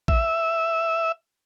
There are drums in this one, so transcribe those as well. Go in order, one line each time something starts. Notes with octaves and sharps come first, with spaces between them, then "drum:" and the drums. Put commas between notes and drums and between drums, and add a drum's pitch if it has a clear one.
E5, drum: kick A1